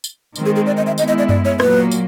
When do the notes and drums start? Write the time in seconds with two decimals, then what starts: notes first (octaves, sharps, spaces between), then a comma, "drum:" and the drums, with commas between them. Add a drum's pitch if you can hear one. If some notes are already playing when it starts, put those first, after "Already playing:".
0.04 drum: tambourine
0.36 D#3 G#3 C4, drum: tambourine
0.46 G#4
0.56 G#4
0.66 D5
0.77 D#5
0.87 E5
0.98 G#3 B3 E4 D#5, drum: tambourine
1.08 D#5
1.18 D5
1.29 D5, drum: tom F#2
1.45 C#5
1.60 A#2 F#3 A#3 B4, drum: rim click
1.91 drum: tambourine